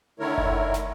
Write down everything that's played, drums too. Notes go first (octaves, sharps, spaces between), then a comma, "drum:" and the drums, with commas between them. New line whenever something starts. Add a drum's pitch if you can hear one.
D3 D#3 A3 E4 A#4 C#5
drum: kick F#1
drum: snare